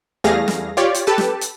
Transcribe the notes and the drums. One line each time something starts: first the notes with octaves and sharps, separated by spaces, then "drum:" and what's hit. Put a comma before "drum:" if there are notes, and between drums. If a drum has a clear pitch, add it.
E2 G3 A3 G#4 F5 A#6
drum: snare
F4 G4 C#5 D5
drum: hi-hat
G4 A4 B4 A5
drum: snare
drum: hi-hat